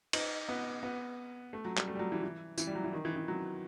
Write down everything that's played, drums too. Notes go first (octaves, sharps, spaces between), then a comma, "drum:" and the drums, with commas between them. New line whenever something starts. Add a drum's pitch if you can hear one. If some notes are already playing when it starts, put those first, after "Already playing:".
D#4, drum: cymbal
B3
B3
A3
F#3
G3, drum: clap
A3
G3
F#3
E3
E3
E3, drum: tambourine
G3
F#3
E3
D#3
E3
E3
F#3